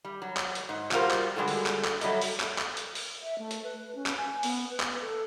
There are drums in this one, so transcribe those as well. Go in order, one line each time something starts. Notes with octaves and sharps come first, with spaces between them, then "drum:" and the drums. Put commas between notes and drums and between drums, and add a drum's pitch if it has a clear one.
G3
F#3
drum: clap
drum: hi-hat
G#2
F#3 G3 F4 F#4 A#4 C5, drum: clap
drum: clap
D3 G3 G#3 F#4 A4
drum: open hi-hat
drum: clap
drum: clap
F#3 G3 A3 A4 D#5, drum: hi-hat
drum: open hi-hat
drum: clap
drum: clap
drum: hi-hat
drum: open hi-hat
E5
A3
drum: hi-hat
B4
C#4
drum: clap
G#5
B3, drum: open hi-hat
B4
drum: clap
A4